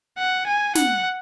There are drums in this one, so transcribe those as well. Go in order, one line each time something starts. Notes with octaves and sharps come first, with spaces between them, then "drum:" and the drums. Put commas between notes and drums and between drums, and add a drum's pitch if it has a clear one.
F#5
G#5
F#5, drum: snare